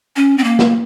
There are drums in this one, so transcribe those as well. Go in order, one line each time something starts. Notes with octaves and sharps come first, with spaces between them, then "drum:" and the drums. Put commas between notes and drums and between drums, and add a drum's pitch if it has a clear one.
C#4
C4
A#3
drum: snare